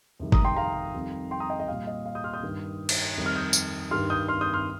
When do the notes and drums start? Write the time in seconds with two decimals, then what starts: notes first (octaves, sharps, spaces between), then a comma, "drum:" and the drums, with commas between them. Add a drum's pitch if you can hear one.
0.20 F2 C3 D#3 G3
0.32 A#5 D#6, drum: kick G1
0.45 G5 C6
0.56 F5 A#5
0.94 F2 D#3 G3
1.31 G5 C6
1.40 A#5 D#6
1.50 D#5 G5
1.60 D#5
1.68 A#2 G3 F5
1.87 D#5
2.05 F5
2.15 D#6 G6
2.24 C6 F6
2.34 D#6 G6
2.42 G2 D#3 G3
2.89 drum: cymbal
3.17 F2 D#3 G3
3.26 F6
3.36 D#6 G6
3.53 drum: tambourine
3.91 G2 D#3 G3 C6 F6
4.10 D#6 G6
4.28 C6 F6
4.41 D#6 G6
4.54 C6 F6